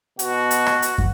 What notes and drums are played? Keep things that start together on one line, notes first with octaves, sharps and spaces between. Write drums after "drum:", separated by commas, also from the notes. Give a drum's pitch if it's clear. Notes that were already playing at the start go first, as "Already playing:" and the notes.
B2 F#4, drum: hi-hat
drum: hi-hat
drum: rim click
drum: hi-hat
drum: kick